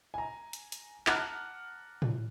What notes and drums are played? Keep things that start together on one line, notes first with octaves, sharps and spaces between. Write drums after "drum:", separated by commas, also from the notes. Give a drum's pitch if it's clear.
G#5 A#5
drum: hi-hat
drum: hi-hat
F#5 A5 A#5 D6 F6 F#6, drum: clap
drum: tom A2